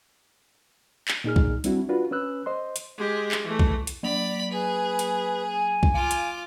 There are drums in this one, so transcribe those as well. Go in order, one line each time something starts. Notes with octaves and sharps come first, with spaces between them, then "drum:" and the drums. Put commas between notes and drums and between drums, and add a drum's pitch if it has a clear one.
drum: clap
A#2 D#4 G#4 F6
drum: kick B1
G3 C4 D4 E4 F#4, drum: hi-hat
D4 F4 F#4 B4
C#4 B4 E6 F#6
C5 D#5 C6
drum: hi-hat
G#3 G4
drum: clap
E3 A3
drum: kick B1
drum: hi-hat
F#3 A#3 D5 B5 F7
G#4 B4
drum: hi-hat
G#5
drum: kick B1
F4 F5 D6
drum: hi-hat